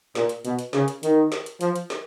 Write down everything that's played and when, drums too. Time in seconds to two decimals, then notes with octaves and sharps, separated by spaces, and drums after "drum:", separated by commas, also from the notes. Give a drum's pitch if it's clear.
0.15 A#2, drum: snare
0.29 drum: hi-hat
0.45 B2, drum: hi-hat
0.59 drum: hi-hat
0.73 C#3, drum: snare
0.88 drum: hi-hat
1.03 D#3, drum: hi-hat
1.32 drum: snare
1.46 drum: hi-hat
1.61 F3, drum: hi-hat
1.76 drum: hi-hat
1.90 drum: snare